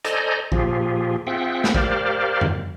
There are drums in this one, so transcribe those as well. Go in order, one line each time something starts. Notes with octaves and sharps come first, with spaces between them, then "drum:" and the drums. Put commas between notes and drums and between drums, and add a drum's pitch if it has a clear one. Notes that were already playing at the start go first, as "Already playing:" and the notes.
A4 C5 D5 D#5 G#5 A#5, drum: hi-hat
A#2 F3 F4 G4 G#4, drum: kick
C4 F4 G#4 E5 F#5 G5
drum: snare
G4 A#4 C5 D5 F5, drum: kick
drum: tom F2